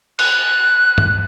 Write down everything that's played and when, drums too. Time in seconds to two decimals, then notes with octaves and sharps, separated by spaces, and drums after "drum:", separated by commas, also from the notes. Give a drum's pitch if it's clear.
0.19 F#6, drum: cymbal
0.98 drum: tom G2